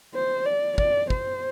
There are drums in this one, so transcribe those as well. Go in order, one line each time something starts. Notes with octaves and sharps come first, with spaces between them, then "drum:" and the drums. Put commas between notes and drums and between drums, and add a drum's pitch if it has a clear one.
C5
D5
D5, drum: kick
C5, drum: kick